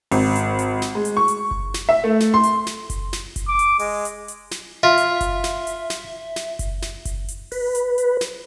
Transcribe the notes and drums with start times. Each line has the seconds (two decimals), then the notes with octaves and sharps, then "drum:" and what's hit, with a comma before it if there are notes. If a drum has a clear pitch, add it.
0.12 G#1, drum: open hi-hat
0.36 drum: hi-hat
0.59 drum: hi-hat
0.82 drum: snare
0.95 G#3
1.05 drum: hi-hat
1.17 C#6
1.28 drum: hi-hat
1.51 drum: kick F#1
1.74 drum: snare
1.89 E5
2.04 A3
2.20 drum: snare
2.34 C6
2.43 drum: hi-hat
2.67 drum: snare
2.90 drum: kick F#1, hi-hat
3.13 drum: snare
3.36 drum: kick F#1, hi-hat
3.48 D6
3.59 drum: hi-hat
3.79 G#3, drum: open hi-hat
4.05 drum: hi-hat
4.28 drum: hi-hat
4.51 drum: snare
4.83 F4 E5
4.98 drum: hi-hat
5.21 drum: kick F#1, hi-hat
5.44 drum: snare
5.67 drum: hi-hat
5.90 drum: snare
6.36 drum: snare
6.59 drum: kick F#1, hi-hat
6.82 drum: snare
7.05 drum: kick F#1, hi-hat
7.28 drum: hi-hat
7.52 B4, drum: open hi-hat
7.75 drum: hi-hat
7.98 drum: hi-hat
8.21 drum: snare